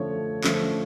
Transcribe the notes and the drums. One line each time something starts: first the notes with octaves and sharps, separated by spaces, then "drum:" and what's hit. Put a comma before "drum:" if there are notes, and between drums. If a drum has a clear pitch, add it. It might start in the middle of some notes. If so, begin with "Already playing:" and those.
Already playing: D3 F3 A3 C#5
D3 F3 A3, drum: clap